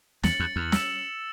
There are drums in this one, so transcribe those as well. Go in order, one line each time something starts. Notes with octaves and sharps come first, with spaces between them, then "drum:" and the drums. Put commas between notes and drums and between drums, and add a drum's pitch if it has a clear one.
E2 A6 C#7 F#7, drum: snare
E2
E2
E6 A6 E7, drum: snare